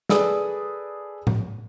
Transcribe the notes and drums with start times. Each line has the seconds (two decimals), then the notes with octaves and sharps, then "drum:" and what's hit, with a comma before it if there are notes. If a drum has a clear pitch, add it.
0.09 G#4 A4 B4 D5 D#6, drum: snare
1.27 drum: tom A2